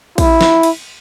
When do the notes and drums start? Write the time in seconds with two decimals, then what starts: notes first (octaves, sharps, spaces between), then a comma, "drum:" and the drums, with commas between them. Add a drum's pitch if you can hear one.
0.18 E4, drum: kick, cymbal
0.41 drum: snare
0.63 drum: cymbal